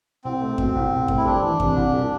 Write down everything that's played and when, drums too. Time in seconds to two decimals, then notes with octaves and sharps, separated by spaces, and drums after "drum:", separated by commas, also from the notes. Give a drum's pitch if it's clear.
0.24 C2 C4
0.41 A3
0.58 B2, drum: kick F#2
0.75 C2
0.92 C2
1.08 A3, drum: kick F#2
1.17 E4
1.25 G3 D4
1.42 E3
1.60 C3, drum: kick F#2
1.76 C2
1.94 G3